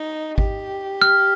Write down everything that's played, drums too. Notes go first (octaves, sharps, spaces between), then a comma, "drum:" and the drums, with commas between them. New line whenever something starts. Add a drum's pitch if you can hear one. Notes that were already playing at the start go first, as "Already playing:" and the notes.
Already playing: D#4
G4, drum: kick G#1
F6